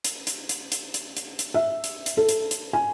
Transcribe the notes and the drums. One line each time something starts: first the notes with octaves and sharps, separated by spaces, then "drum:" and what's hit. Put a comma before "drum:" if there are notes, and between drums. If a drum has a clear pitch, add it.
drum: hi-hat
drum: hi-hat
drum: hi-hat
drum: hi-hat
drum: hi-hat
drum: hi-hat
drum: hi-hat
E5
drum: hi-hat
drum: hi-hat
A4
drum: hi-hat
drum: hi-hat
G#5